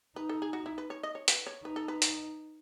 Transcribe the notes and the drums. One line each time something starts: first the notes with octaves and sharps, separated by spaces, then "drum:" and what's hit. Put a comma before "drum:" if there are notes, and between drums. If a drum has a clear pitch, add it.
D#4 B4
A4
G#4
F#4
E4
B4
C#5
D#5
C#5
B4, drum: hi-hat
C#5
D#4 B4
A4
B4
drum: hi-hat